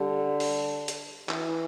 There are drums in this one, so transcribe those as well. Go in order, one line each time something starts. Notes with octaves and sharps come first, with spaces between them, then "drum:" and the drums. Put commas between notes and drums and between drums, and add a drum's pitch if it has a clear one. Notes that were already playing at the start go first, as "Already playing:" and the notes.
Already playing: D3 G3
drum: open hi-hat
drum: hi-hat
E3, drum: clap